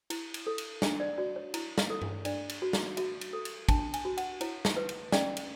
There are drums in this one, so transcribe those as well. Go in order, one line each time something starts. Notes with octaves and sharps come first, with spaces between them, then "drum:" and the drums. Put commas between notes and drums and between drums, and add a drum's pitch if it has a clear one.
E4, drum: cymbal
drum: cymbal
A4
drum: cymbal
D4, drum: snare
D5
F#4 D5
C#5
E4, drum: cymbal
drum: snare
A4
drum: tom G2
D4 D5, drum: cymbal
drum: cymbal
F#4
drum: snare
F#4 E5, drum: cymbal
drum: cymbal
A4
drum: cymbal
D4 A5, drum: kick, cymbal
G#5, drum: cymbal
F#4
F#5, drum: cymbal
E4 C#5, drum: cymbal
drum: snare
B4
drum: cymbal
C#4 D5, drum: snare
drum: cymbal